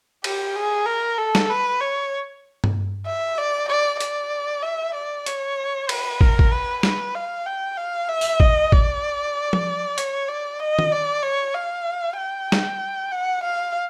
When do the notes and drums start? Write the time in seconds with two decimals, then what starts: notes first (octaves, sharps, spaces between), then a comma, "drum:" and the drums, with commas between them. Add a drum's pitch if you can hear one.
0.24 G4, drum: cymbal
0.56 G#4
0.86 A#4
1.18 A4
1.35 drum: snare
1.50 B4
1.81 C#5
2.64 drum: tom G2
3.07 E5
3.38 D5
3.69 D5
4.00 D5, drum: hi-hat
4.63 E5
4.95 D5
5.26 C#5, drum: hi-hat
5.89 B4, drum: cymbal
6.21 A#4, drum: kick
6.39 drum: kick
6.52 B4
6.83 B4, drum: snare
7.15 F5
7.46 G5
7.78 F5
8.09 E5
8.21 drum: tambourine
8.40 D#5, drum: kick
8.72 D5, drum: kick
9.53 drum: tom F3
9.98 C#5, drum: hi-hat
10.29 D5
10.60 D#5
10.79 drum: tom D#3
10.92 D5
11.23 C#5
11.54 F5
12.17 G5
12.52 drum: snare
13.12 F#5
13.43 F5